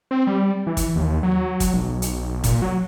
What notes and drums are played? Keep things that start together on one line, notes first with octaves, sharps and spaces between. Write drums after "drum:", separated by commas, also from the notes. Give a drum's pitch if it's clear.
C4
G3
E3
drum: kick, hi-hat
D#2
F#3
drum: kick, hi-hat
B1
drum: hi-hat
A#2, drum: kick, hi-hat
F#3